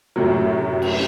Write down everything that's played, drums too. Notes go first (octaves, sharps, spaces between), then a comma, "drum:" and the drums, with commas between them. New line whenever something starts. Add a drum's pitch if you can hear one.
F#2 A2 C3 F#3
drum: cymbal